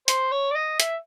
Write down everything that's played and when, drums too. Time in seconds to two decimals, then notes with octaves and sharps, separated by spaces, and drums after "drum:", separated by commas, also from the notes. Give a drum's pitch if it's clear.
0.08 C5, drum: hi-hat
0.32 C#5
0.51 D5
0.56 D#5
0.80 E5, drum: hi-hat